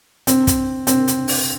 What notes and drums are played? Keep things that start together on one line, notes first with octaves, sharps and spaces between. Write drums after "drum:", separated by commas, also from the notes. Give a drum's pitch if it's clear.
C4, drum: hi-hat
drum: kick, hi-hat
C4, drum: hi-hat
drum: hi-hat
drum: open hi-hat